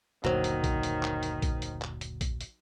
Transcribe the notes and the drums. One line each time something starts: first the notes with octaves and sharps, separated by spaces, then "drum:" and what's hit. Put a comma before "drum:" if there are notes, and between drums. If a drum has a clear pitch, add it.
F#1 D2 A#2 D#3 F#3 C5 C#5, drum: clap
drum: hi-hat
drum: kick A#1, hi-hat
drum: hi-hat
drum: clap
drum: hi-hat
drum: kick A#1, hi-hat
drum: hi-hat
drum: clap
drum: hi-hat
drum: kick A#1, hi-hat
drum: hi-hat